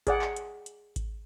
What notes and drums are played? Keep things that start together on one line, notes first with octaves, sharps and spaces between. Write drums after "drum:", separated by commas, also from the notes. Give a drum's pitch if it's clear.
G#4 D5 F#5, drum: kick G#1, hi-hat
drum: clap
drum: hi-hat
drum: hi-hat
drum: kick G#1, hi-hat